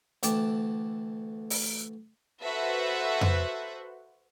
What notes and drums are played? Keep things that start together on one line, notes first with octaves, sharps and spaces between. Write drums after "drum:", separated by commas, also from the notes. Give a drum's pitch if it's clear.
D2 E3 G5 A5 D6, drum: hi-hat
drum: open hi-hat
F#4 A4 B4 C5 E5 F#5
drum: tom F2